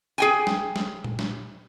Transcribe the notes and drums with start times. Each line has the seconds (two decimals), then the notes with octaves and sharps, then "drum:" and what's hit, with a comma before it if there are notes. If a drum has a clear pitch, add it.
0.18 G#4 G5 G#5
0.47 drum: snare
0.76 drum: snare
1.04 drum: tom A#2
1.19 drum: snare